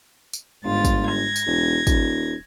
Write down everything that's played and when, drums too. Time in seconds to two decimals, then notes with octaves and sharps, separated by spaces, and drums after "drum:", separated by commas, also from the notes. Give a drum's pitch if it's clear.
0.33 drum: tambourine
0.64 G1 G#2 F4 A6
0.85 drum: kick, tambourine
1.08 G#6 A#6
1.36 drum: tambourine
1.47 E1
1.87 D#1, drum: kick, tambourine